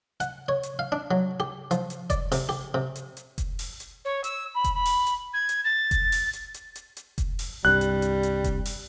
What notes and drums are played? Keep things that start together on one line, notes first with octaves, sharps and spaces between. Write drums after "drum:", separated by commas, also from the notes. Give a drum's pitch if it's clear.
F#5, drum: hi-hat
C#5
drum: hi-hat
F5
D4
F#3
G4
F3, drum: hi-hat
drum: hi-hat
D5, drum: kick F1, hi-hat
C3, drum: open hi-hat
G4
C3
drum: hi-hat
drum: hi-hat
drum: kick F1, hi-hat
drum: open hi-hat
drum: hi-hat
C#5
E6, drum: hi-hat
B5
drum: kick F1, hi-hat
B5
drum: open hi-hat
drum: hi-hat
G#6
drum: hi-hat
A6
drum: kick F1, hi-hat
drum: open hi-hat
drum: hi-hat
drum: hi-hat
drum: hi-hat
drum: hi-hat
drum: kick F1, hi-hat
drum: open hi-hat
C2 G2 G3 F#6
drum: hi-hat
drum: hi-hat
drum: hi-hat
drum: kick F1, hi-hat
drum: open hi-hat